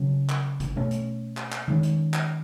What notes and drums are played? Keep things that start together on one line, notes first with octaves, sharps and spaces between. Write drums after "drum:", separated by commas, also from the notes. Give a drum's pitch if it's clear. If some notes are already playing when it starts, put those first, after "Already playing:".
Already playing: C#3 F#3 C#4
drum: clap
drum: kick, hi-hat
B2 A3 C#4
drum: hi-hat
drum: clap
drum: clap
D#3 G#3 C#4
drum: hi-hat
drum: clap